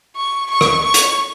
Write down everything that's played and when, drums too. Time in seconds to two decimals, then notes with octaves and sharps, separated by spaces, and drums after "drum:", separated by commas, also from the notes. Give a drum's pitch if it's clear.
0.17 C#6
0.51 C#6
0.61 drum: rim click
0.84 C#6
0.94 drum: hi-hat